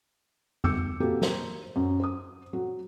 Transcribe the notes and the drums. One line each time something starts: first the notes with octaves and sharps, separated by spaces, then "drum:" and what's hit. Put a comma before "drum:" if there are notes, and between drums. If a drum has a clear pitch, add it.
D6 E6 G6 C#7, drum: tom F2
B2 A#3 C4 F#4 G4 A4
A#4 C5, drum: snare
F#2
C5 D#6
F#3